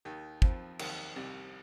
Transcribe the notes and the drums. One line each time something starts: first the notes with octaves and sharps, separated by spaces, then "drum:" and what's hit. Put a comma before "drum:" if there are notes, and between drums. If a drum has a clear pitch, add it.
D#2 D#3
F2 F3, drum: kick
D#2 D#3, drum: cymbal
C2 C3